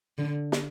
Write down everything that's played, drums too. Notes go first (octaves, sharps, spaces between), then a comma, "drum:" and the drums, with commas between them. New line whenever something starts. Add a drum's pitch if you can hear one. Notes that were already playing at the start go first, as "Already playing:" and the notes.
D3
drum: snare